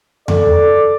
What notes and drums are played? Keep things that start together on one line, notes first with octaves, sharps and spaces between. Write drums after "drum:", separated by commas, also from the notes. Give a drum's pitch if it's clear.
A4 D5, drum: tom E2